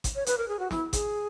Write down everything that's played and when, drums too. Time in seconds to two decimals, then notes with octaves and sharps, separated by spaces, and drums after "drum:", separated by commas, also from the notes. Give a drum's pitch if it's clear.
0.04 drum: kick G#1, hi-hat
0.15 C#5
0.26 B4, drum: hi-hat
0.38 A#4
0.48 G#4
0.59 F#4
0.71 E4, drum: snare
0.93 G#4, drum: kick G#1, hi-hat